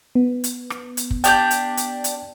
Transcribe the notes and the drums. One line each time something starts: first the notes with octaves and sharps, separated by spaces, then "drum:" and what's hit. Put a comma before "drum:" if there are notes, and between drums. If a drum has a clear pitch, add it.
B3
drum: hi-hat
drum: rim click
drum: hi-hat
drum: kick
D4 G4 G5 G6, drum: hi-hat
drum: hi-hat
drum: hi-hat
drum: hi-hat